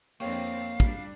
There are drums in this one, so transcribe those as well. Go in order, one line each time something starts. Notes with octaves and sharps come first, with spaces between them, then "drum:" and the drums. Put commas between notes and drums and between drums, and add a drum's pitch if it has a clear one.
F2 A#3 C4 D4 C#5 F5 G5 C#6, drum: open hi-hat
G3 D4, drum: kick